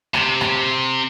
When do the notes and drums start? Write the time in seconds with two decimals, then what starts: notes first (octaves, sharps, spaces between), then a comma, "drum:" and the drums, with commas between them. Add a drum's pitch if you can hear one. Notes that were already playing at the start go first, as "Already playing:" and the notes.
0.14 C3, drum: rim click
0.41 drum: rim click